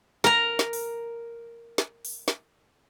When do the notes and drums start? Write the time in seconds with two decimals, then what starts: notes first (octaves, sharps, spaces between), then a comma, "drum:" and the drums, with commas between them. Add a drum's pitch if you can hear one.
0.24 A#4 A#5, drum: snare
0.59 drum: snare
0.73 drum: open hi-hat
1.78 drum: snare
2.05 drum: open hi-hat
2.28 drum: snare